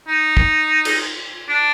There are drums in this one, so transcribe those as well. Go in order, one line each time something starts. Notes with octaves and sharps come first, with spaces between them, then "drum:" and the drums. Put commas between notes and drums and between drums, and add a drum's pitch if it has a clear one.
D#4
drum: kick
drum: cymbal
D4